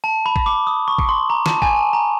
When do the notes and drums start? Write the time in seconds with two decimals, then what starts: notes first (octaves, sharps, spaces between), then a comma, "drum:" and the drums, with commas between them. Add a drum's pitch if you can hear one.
0.04 A5
0.26 B5
0.36 drum: kick G#1
0.46 D6
0.67 D#6
0.88 C#6
0.98 drum: kick G#1
1.09 C6
1.30 A#5
1.46 A5, drum: snare
1.62 G#5, drum: kick G#1
1.76 A5
1.93 A#5